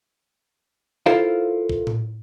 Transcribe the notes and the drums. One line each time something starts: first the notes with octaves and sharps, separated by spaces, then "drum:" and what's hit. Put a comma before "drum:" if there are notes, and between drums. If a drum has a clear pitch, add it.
E4 F4 A4 A#4 C5 F5
drum: kick
drum: tom A2